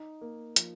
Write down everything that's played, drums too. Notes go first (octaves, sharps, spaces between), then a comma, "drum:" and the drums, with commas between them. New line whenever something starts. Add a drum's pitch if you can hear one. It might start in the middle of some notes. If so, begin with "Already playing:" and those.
Already playing: D#4
A#3
F3, drum: hi-hat